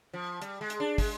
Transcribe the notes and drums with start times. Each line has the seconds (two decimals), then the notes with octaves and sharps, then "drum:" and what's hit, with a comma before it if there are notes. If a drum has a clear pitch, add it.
0.13 F3
0.42 G3, drum: hi-hat
0.61 G#3
0.70 drum: hi-hat
0.80 D4
0.98 G#3, drum: kick, open hi-hat